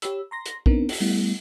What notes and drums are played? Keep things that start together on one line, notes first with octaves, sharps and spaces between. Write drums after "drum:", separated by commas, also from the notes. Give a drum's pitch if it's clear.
G4 C#5 B5 E6, drum: hi-hat
A#5 C6 A#6
drum: hi-hat
B3 C4 D4 D#4 A#4, drum: kick A#1
drum: open hi-hat
G3 A3 B3 E4